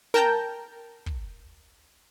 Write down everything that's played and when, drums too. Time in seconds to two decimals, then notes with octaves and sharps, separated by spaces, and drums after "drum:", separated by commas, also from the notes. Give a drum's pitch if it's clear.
0.14 A#4 G5 A5 A#5 G6, drum: snare
1.06 drum: kick